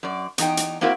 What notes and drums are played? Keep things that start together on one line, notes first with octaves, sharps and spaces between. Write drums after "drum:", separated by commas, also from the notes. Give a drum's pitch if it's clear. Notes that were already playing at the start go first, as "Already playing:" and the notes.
F#2 D5
E2 D#4 G5, drum: hi-hat
drum: hi-hat
A#3 C4 E4 F#4 A#4